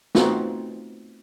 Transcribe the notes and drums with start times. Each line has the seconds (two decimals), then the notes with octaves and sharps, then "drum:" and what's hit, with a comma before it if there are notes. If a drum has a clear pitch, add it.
0.15 A3 B3 C4 D#4 F4 F#4, drum: snare